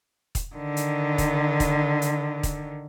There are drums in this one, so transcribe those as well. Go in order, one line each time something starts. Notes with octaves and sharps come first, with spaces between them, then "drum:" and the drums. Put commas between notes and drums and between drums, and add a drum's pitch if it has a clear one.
drum: kick, hi-hat
D3 D#3
drum: hi-hat
drum: kick, hi-hat
drum: kick, hi-hat
drum: hi-hat
drum: kick, hi-hat